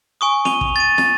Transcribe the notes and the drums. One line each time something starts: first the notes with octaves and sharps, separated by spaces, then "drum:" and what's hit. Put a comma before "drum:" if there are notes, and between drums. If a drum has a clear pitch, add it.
G#5 C#6 D#6
D#7 F7 G7, drum: snare
drum: kick
A6 D#7
A6, drum: snare